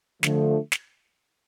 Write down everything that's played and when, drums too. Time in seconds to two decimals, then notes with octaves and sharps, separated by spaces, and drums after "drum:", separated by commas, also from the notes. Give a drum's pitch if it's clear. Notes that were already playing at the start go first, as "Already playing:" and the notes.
0.23 D3 F3 A3, drum: snare
0.72 drum: snare